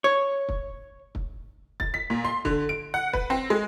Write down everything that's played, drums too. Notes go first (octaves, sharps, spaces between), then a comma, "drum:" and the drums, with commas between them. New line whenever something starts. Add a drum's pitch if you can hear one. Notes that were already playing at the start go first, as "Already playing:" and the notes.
C#5
drum: kick
drum: kick
A6, drum: kick
B6
A#2
C6
D3, drum: kick
D7
F#5
B4, drum: kick
C4
G#3